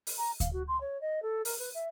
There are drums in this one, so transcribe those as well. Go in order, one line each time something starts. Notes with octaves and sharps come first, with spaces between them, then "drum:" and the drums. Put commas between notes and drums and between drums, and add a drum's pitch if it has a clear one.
drum: open hi-hat
A#5
F5, drum: kick D2, hi-hat
F#4
C6
C#5
D#5
A4
A#4, drum: open hi-hat
B4
E5